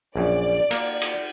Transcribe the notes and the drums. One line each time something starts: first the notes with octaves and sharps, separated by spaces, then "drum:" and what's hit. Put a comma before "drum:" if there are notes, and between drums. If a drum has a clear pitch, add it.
A#1 F#2 D5
A#3, drum: cymbal
drum: cymbal